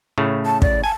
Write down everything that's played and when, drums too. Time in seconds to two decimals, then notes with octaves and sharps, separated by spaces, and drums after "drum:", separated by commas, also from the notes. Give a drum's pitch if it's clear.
0.18 A2 C#3 A3
0.46 A5
0.62 D5, drum: kick
0.84 G#5 A5